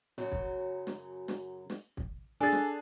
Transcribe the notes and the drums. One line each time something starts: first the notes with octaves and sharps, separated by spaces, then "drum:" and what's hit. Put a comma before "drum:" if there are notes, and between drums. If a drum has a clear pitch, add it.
F#2 C#3 F#3
drum: kick
drum: snare
drum: snare
drum: snare
drum: kick
D4 G#4 A4 G#5 A6
drum: snare